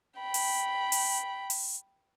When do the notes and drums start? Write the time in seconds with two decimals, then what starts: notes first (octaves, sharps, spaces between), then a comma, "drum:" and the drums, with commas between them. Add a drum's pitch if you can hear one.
0.20 G5 B5
0.34 drum: open hi-hat
0.92 drum: open hi-hat
1.50 drum: open hi-hat